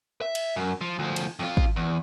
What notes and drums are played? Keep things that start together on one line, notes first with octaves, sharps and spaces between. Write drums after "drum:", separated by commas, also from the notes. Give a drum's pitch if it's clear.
E5
drum: cymbal
F#2
F3
D2 F3
drum: cymbal
F2 F4
drum: kick
E2